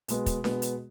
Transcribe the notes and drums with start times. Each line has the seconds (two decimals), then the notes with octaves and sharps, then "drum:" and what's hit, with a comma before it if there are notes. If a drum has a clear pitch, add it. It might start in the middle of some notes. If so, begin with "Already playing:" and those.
0.08 B2 G#3 B3, drum: hi-hat
0.26 drum: kick, hi-hat
0.44 B2 G#3 B3, drum: snare D4
0.62 drum: hi-hat